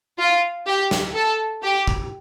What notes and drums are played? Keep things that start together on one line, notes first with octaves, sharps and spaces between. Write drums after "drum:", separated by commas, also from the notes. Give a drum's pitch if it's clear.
F4
G4
drum: snare
A4
G4
drum: kick